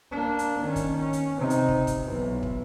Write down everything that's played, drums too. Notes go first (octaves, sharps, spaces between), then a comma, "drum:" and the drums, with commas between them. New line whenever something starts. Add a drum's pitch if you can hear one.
A#3 D4
drum: hi-hat
D#3 C#4
drum: kick, hi-hat
C#4
drum: hi-hat
C3 D#4
drum: hi-hat
drum: kick
drum: kick, hi-hat
B1 E3
drum: kick